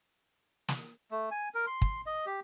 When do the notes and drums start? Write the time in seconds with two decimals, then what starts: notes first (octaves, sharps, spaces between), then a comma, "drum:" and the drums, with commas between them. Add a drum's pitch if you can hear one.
0.68 drum: snare
1.11 A3
1.31 G#5
1.54 A#4
1.67 C6
1.82 drum: kick
2.06 D#5
2.26 G4